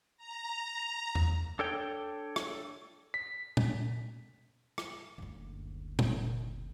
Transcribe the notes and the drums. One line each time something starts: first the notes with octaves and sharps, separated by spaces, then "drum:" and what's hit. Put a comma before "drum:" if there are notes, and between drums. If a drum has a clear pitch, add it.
A#5
drum: tom E2
D4 A4 C#5 G5
drum: rim click
B6
drum: tom
drum: rim click
F#1 D2
drum: tom